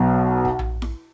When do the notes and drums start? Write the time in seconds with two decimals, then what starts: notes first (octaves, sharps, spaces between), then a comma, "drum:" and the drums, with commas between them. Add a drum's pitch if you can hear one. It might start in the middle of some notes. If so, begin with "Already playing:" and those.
Already playing: B1 B2
0.45 drum: kick
0.59 drum: tom A#1
0.82 drum: snare E4